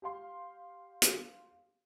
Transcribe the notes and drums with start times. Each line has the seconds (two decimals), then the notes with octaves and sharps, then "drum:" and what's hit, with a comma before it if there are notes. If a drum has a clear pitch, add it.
0.02 G4 F5 C6
1.02 drum: hi-hat